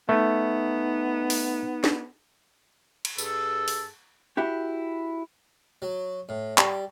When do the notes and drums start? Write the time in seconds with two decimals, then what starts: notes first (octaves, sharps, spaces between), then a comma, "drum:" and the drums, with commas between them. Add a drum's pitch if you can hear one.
0.09 A3 B3 D#4
1.30 drum: open hi-hat
1.84 drum: snare
3.05 drum: cymbal
3.18 G2 G#4 A4, drum: tambourine
3.68 drum: open hi-hat
4.37 E4 F#4 G4
5.82 F#3
6.29 A2
6.58 G3, drum: clap